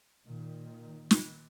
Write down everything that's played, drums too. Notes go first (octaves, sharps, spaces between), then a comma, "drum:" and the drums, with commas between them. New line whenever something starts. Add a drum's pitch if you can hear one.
A#2 D#3
drum: snare